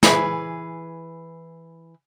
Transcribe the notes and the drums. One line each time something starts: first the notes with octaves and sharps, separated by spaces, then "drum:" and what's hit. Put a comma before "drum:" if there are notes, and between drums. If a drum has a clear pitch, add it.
E3 G#4 B4, drum: snare